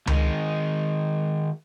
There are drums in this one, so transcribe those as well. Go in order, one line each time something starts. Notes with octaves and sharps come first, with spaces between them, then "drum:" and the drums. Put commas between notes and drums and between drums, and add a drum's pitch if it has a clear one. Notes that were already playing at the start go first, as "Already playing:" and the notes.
D#3 G#3, drum: tom C#2